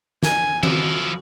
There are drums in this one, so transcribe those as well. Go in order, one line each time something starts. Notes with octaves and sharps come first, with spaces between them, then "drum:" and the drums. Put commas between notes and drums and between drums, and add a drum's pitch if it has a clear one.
G#5, drum: snare
F3 E4 F#4, drum: tom D#3